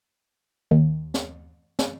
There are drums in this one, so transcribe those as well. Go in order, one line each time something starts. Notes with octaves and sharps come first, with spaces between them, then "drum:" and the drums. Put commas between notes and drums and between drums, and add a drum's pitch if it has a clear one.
D#2
drum: snare
drum: snare